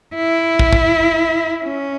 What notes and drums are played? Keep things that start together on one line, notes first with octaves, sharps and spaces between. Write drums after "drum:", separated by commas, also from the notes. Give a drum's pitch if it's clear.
E4
drum: kick
drum: kick
C#4